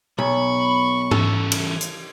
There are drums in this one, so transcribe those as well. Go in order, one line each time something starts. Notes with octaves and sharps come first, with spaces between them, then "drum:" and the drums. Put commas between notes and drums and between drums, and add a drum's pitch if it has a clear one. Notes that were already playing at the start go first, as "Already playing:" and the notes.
B1 B5 C#6
E2 C#4 A4, drum: tom G#2
drum: cymbal
drum: hi-hat